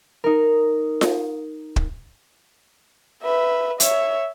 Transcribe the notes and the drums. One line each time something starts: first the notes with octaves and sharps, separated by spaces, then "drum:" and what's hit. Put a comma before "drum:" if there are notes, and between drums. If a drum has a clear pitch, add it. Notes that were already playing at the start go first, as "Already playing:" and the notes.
D#4 A#4
drum: snare F4
drum: kick
B4 E5
C#5 E5, drum: hi-hat